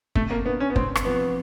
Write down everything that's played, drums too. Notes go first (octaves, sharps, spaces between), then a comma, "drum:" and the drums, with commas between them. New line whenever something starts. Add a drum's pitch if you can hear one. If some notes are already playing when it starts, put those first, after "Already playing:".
C3 A3, drum: kick
A#3
B3 D4
C#4
B3
C3 C4, drum: kick
drum: rim click
F3 B3